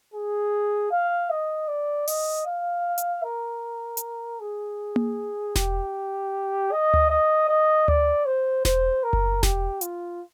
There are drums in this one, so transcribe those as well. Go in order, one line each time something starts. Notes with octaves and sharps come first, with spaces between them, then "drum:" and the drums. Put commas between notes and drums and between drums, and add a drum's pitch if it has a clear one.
G#4
F5
D#5
D5
D#5, drum: open hi-hat
F5
drum: hi-hat
A#4
drum: hi-hat
G#4
drum: tom A#3
G4, drum: snare E1
D#5
drum: tom D2
D#5
D#5
D5, drum: tom D2
C5
C5, drum: snare E1
A#4
drum: kick F#1
G4, drum: snare E1
F4, drum: hi-hat